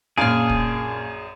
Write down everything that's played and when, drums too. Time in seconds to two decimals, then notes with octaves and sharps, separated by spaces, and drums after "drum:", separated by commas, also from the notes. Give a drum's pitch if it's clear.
0.18 A#1 F#2 A#2 G#4 F5 A5 F6 D7
0.49 drum: kick